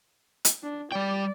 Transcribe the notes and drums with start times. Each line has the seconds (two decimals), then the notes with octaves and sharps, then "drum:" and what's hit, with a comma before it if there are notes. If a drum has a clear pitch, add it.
0.45 drum: hi-hat
0.63 D4
0.92 G3 D5 G5